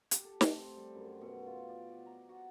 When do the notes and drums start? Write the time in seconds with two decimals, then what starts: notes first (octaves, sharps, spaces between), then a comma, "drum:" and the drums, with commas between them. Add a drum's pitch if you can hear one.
0.11 G4, drum: hi-hat
0.24 A4
0.41 A3, drum: snare
0.56 C4
0.77 G3
0.95 F#2
1.21 B2
1.46 F4
1.69 D5
1.89 F#5
2.06 A#5
2.29 F#4